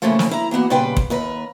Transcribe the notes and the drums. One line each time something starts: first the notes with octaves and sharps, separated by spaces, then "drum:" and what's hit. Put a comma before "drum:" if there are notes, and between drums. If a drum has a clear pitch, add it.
A2 C#3 E3 F3 A3 A#3
drum: snare
E4 A#5
E3 A#3 B3 F#4
A#2 C#3 G3 F4 B4 G5
drum: kick
D#2 A#4 B4